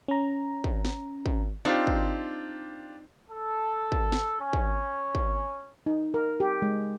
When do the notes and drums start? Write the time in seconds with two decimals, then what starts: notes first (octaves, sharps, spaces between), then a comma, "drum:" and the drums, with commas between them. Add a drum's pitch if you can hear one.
0.08 C#4 A#5
0.64 drum: kick
0.85 drum: snare
1.26 drum: kick
1.65 C4 D4 D#4 F4 G4
1.87 drum: kick
3.30 A4
3.92 drum: kick
4.12 drum: snare
4.39 C#4
4.53 drum: kick
5.15 drum: kick
5.86 D#4
6.14 A#4
6.40 G4
6.62 G#3